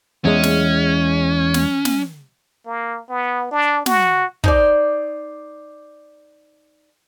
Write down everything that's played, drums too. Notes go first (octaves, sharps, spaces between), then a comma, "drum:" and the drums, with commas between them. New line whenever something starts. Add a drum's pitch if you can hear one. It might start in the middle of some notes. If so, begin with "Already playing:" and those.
E2 G#3 C#4
drum: snare
drum: snare
drum: snare
A#3
B3
D4
F#4, drum: snare
D#4 C5 D5, drum: kick